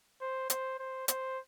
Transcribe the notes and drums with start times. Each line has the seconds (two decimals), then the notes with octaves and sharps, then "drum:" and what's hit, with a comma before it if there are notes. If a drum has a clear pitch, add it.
0.21 C5
0.50 C5, drum: hi-hat
0.79 C5
1.08 C5, drum: hi-hat